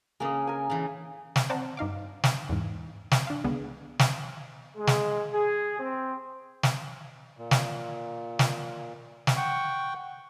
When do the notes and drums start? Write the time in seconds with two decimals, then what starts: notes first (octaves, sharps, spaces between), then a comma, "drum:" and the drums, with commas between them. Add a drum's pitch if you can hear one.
0.20 C#3 A#3 G#4 D#5
0.47 A#4 G#5
0.70 C#3 E3
1.36 drum: snare
1.50 C4 C5 D5 F#5 A5 A#5
1.77 G2 D#4 F5 D6
2.24 drum: snare
2.49 E2 G#2
3.11 drum: snare
3.27 D4 F5
3.44 C#2 D3 B3 G#4
3.99 drum: snare
4.75 G#3
4.87 drum: snare
5.34 G#4
5.80 C4
6.63 drum: snare
7.37 A#2
7.51 drum: snare
8.39 drum: snare
9.27 drum: snare
9.37 F#5 G5 C#6